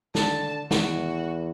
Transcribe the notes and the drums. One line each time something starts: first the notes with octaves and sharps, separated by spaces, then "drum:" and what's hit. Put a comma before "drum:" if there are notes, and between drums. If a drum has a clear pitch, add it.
D3 A5, drum: snare
E2 F#4, drum: snare